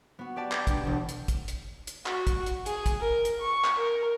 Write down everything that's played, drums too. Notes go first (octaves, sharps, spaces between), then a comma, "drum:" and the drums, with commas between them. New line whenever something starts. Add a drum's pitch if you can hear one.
B3 F#4
G4 B4 D5 A5
G6, drum: clap
B2 D4 G4, drum: kick, hi-hat
E1 B2 A5
drum: hi-hat
drum: kick, hi-hat
drum: hi-hat
drum: hi-hat
F#4, drum: clap
drum: kick, hi-hat
drum: hi-hat
G#4, drum: hi-hat
drum: kick, hi-hat
A#4
drum: hi-hat
C#6
drum: clap
A#4